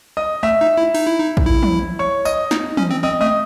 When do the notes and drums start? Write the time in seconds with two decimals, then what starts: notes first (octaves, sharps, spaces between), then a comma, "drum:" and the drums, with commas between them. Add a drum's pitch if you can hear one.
0.17 D#5 D#6
0.43 A3 E5 E6
0.61 D#4
0.78 E4
0.95 D#4, drum: open hi-hat
1.07 E4
1.19 D#4
1.37 drum: kick A#1
1.47 E4
1.63 drum: tom
1.99 C#5 C#6
2.25 D#5 D#6, drum: tambourine
2.51 D#4, drum: snare
2.77 C#4, drum: tom E3
2.91 C4
3.03 C4 D#5 D#6
3.21 A3 D#5 D#6